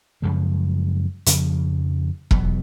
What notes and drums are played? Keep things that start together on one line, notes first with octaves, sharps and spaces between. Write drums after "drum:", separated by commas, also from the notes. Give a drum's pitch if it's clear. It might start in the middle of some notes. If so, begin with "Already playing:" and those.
F#2 C#3 F3 G#3
F2 C#3 F3, drum: hi-hat
E2 B2 F#3 B3, drum: kick E1